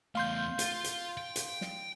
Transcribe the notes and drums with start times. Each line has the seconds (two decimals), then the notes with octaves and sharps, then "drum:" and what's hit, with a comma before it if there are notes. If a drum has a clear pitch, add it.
0.15 E2 A3 F5 C6 G6
0.59 F4, drum: hi-hat
0.84 drum: hi-hat
1.17 G5
1.36 drum: hi-hat
1.61 drum: snare